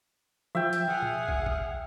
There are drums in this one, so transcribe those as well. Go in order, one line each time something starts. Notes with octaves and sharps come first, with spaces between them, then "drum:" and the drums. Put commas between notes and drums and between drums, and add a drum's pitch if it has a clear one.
F3 E5 G5
drum: hi-hat
G#4 F#5 F6
drum: tom
drum: kick
drum: kick